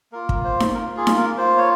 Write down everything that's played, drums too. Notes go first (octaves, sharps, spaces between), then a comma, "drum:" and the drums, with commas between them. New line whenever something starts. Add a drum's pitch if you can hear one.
A#3 F4 A#4
drum: kick
C5
drum: snare D#4
A#3 F4 A#4
G#4
drum: snare D#4
A#4
A#3 F4 C5
C#5